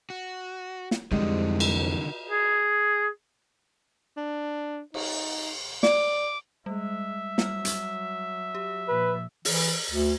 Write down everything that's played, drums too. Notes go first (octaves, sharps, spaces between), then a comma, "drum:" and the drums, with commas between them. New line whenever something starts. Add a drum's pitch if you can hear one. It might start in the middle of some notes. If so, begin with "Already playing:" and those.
F#4
drum: snare
C2 F2 G#2 D3 G3 G#3 D#4
drum: cymbal
G#4
D4
D#4, drum: cymbal
D5 D6, drum: snare
G3 G#3 E5
F#3 G3 F6, drum: snare
drum: hi-hat
G4
A#2 F3 B4
E3, drum: open hi-hat
D2